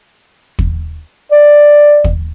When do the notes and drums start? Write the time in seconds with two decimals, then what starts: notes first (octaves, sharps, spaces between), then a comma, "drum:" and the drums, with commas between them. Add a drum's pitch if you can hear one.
0.59 drum: kick
1.31 D5
2.04 drum: kick